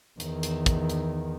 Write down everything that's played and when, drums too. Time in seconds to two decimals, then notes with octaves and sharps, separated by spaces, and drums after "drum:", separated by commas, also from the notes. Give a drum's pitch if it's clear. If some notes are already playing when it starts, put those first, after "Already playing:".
0.20 E2 D#3, drum: hi-hat
0.43 drum: hi-hat
0.66 drum: kick, hi-hat
0.89 drum: hi-hat